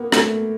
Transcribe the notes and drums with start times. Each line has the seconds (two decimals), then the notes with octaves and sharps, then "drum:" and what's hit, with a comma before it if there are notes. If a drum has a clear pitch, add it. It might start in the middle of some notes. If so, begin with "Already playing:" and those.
Already playing: A#3 B3
0.12 A3, drum: rim click